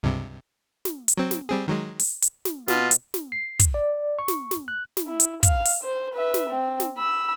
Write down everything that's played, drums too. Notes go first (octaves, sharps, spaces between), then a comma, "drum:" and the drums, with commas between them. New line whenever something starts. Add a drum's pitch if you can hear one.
C#2 G2 C3
drum: snare
drum: hi-hat
F#3 C4
drum: snare
G3 C4 G#4
D#3 F#3 G#3
drum: open hi-hat
drum: hi-hat
drum: snare
B2 F4, drum: snare
drum: hi-hat
drum: snare
C7
drum: kick, hi-hat
D5
C#6
drum: snare
drum: snare
F#6
drum: snare
E4
drum: hi-hat
F5, drum: kick, hi-hat
drum: open hi-hat
C5
B4 E5
drum: snare
C4
drum: snare
B5 E6